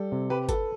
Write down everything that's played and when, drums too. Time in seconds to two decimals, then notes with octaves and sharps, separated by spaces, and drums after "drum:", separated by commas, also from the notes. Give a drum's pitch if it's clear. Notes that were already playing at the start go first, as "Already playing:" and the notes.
Already playing: G3 A4
0.12 C3
0.30 G4 B4
0.49 A4 B4, drum: kick G1, hi-hat